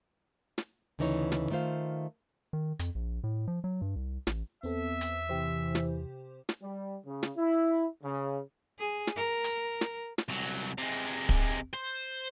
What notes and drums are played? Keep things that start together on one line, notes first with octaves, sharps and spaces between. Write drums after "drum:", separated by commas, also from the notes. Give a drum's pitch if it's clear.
drum: snare
D2 C#3 E3 D#4 F#4 C#5
drum: snare
D#3 A3 F4 C5 F5
D#3
F2, drum: hi-hat
A#1
A2
F3
F#3
G2
C2
A1, drum: snare
E2 B3 C4 A4 E5
drum: hi-hat
C3 E3 G4 C5
drum: snare
drum: snare
G3
C#3
drum: snare
E4
C#3
G#4
drum: snare
A#4
drum: hi-hat
drum: snare
drum: snare
C2 F#3
C3 G#3
drum: hi-hat
drum: kick
C5